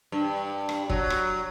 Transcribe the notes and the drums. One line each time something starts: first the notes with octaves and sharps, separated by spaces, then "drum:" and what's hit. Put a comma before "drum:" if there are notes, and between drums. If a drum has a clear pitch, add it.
G2
drum: rim click
F#3, drum: kick E1
drum: rim click